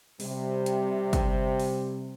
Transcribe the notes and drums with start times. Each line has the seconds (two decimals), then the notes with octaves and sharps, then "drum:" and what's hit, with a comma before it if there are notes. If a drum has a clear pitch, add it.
0.20 C3 G3, drum: open hi-hat
0.66 drum: hi-hat
1.13 drum: kick, hi-hat
1.60 drum: open hi-hat